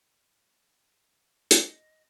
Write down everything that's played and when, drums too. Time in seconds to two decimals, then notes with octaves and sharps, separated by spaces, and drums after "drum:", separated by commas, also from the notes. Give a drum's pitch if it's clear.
1.51 D#5, drum: hi-hat